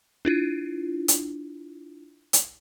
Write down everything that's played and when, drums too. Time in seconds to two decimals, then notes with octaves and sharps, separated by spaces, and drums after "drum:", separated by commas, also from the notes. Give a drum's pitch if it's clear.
0.25 D4 E4 F4
1.08 drum: hi-hat
2.33 drum: hi-hat